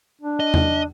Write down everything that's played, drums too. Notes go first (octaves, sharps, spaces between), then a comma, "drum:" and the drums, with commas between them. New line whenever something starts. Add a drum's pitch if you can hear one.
D4
D#5
drum: tom E2